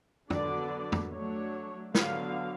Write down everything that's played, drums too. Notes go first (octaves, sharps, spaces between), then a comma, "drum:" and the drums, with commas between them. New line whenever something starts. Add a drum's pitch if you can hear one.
D3 F#3 B3 D4 D5, drum: tom
drum: tom
F#3 A3 D4 C#5
D3 F#3 B3 F5, drum: snare